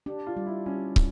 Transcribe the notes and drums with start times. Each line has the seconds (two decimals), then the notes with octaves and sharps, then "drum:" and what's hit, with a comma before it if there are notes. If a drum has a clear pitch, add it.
0.06 D4 G4
0.27 F4
0.36 G3
0.46 E4
0.66 G3 C#4
0.96 drum: kick